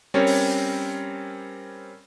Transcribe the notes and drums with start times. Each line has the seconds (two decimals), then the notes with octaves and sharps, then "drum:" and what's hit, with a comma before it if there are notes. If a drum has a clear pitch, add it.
0.14 G3 C4 C#4 A#4 C#5
0.27 drum: open hi-hat